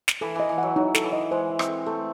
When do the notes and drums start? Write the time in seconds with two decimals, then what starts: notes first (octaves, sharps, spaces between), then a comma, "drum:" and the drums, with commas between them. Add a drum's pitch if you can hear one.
0.08 drum: snare
0.21 E3 A4
0.35 E3 D#5
0.49 E3
0.58 F#3 F#5
0.76 F#3 D#4
0.95 A4, drum: snare
1.04 E3
1.13 D#5
1.31 G#3 C5
1.50 E5
1.59 C4, drum: rim click
1.68 A4
1.86 A3 A4